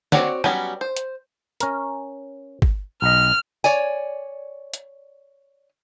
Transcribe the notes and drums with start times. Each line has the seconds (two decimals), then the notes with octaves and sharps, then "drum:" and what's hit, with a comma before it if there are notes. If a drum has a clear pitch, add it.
0.12 C4 F#4 C#5 D5 F#5, drum: snare
0.44 F#3 G3 B3 C#4, drum: rim click
0.81 C5
0.97 drum: hi-hat
1.60 C#4 A#4, drum: hi-hat
2.62 drum: kick
3.02 B1 D#5 F6
3.64 C#5 D5 G#5, drum: tambourine
4.74 drum: hi-hat